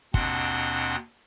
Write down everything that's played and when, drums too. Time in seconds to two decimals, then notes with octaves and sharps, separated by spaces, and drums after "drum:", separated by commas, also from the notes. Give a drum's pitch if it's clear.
0.14 D#2 B2 C4 D4 F#5 C6, drum: kick